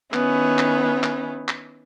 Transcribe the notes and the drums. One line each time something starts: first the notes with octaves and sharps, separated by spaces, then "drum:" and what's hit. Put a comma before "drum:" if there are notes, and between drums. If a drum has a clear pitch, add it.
D#3 B3 C#4 E4, drum: clap
drum: clap
drum: clap
drum: clap